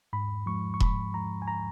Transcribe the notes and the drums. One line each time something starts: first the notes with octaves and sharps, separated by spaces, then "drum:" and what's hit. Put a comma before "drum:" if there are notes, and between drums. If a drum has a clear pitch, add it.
G#2 B5
F3 G#3 C#6
C#6
G#2 B5, drum: kick E1
F3 G#3 A#5
G#5
A#5